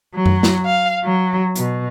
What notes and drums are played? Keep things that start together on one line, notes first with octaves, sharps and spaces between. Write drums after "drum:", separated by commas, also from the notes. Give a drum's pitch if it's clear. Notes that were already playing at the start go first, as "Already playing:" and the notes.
F#3
drum: tom F#2
drum: snare
F5
F#3
B2, drum: hi-hat